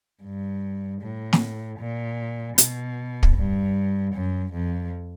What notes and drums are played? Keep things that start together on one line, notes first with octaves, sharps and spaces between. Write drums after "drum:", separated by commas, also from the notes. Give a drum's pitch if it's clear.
G2
A2
drum: snare
A#2
B2, drum: hi-hat
drum: kick
G2
F#2
F2